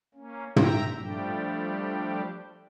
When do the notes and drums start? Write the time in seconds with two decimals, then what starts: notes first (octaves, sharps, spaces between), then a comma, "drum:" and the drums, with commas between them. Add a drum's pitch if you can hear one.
0.14 A#3 C#4
0.56 E5 G5 A#5, drum: tom
0.98 F3 G3 A3 D4 G4